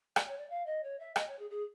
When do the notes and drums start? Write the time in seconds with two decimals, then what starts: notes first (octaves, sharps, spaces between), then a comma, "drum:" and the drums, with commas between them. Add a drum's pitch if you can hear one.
0.16 D5, drum: rim click
0.28 C#5
0.38 D5
0.50 F5
0.66 D#5
0.83 C#5
0.99 E5
1.16 D#5, drum: rim click
1.28 C#5
1.39 G#4
1.50 G#4